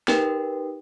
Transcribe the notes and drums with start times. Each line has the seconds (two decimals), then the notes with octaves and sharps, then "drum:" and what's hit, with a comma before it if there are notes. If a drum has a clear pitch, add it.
0.08 D#4 G4 A#4 B4 G5, drum: snare